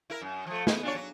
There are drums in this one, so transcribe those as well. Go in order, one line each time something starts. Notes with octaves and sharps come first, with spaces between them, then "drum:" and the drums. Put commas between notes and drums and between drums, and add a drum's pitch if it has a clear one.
E4 A#4
F#2
F3 A3
B3 G#4, drum: snare
D4 F4 C#5
F#3